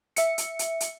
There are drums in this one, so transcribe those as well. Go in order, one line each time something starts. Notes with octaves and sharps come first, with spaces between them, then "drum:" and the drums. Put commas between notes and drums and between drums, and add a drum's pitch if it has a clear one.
E5 C#7, drum: hi-hat
drum: hi-hat
drum: hi-hat
drum: hi-hat